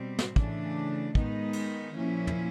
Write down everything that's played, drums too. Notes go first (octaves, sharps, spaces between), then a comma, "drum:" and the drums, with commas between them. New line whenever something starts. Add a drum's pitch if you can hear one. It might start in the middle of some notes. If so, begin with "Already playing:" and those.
Already playing: B2 G3 C4
drum: snare
C#3 E3 A3 D4, drum: kick
D#3 G#3 B3 D#4, drum: kick
drum: cymbal
A#2 F3 A#3 C#4 E4
drum: tom